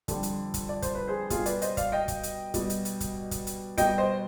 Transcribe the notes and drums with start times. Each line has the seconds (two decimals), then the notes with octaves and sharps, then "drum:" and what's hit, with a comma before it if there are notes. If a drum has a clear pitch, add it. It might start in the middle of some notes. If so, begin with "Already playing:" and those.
0.08 F2 D3 G3, drum: kick, hi-hat
0.23 drum: hi-hat
0.54 drum: kick, hi-hat
0.69 D5
0.82 C5, drum: kick, hi-hat
0.95 B4
1.08 G#4 C5
1.30 B2 G3 F4 G#4, drum: kick, hi-hat
1.46 B4 D5, drum: hi-hat
1.62 C5 D#5, drum: hi-hat
1.77 D5 F5, drum: kick, hi-hat
1.92 D#5 G5
2.08 drum: kick, hi-hat
2.23 drum: hi-hat
2.54 B2 G3, drum: kick, hi-hat
2.70 drum: hi-hat
2.85 drum: hi-hat
3.00 drum: kick, hi-hat
3.31 drum: kick, hi-hat
3.47 drum: hi-hat
3.78 B2 G3 D#5 G5, drum: kick, hi-hat
3.98 C5 D#5